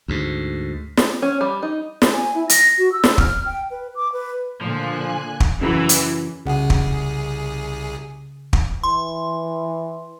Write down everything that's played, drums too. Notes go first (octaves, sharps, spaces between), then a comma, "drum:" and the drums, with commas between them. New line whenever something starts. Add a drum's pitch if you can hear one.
D2 G#2
drum: snare
C#4
G3
D#4
drum: snare
G#5
E4
A#6, drum: hi-hat
F#4
E6
drum: snare
F6, drum: kick
G5
B4
D6
B4
A#2 D3 F3 G#5 F#6
drum: kick
F#2 C#3 E3
drum: hi-hat
C2 C#3 G#4 F#5
drum: kick
drum: kick
E3 C6